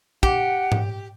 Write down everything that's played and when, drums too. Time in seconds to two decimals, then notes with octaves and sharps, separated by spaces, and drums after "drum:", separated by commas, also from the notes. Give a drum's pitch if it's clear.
0.23 G4 F#5, drum: kick
0.72 drum: tom G#2